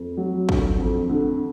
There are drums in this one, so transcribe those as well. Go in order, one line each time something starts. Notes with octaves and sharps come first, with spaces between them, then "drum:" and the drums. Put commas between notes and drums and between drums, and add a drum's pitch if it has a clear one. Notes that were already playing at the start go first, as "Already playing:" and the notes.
Already playing: F2
F#3
D3, drum: kick
F2
D3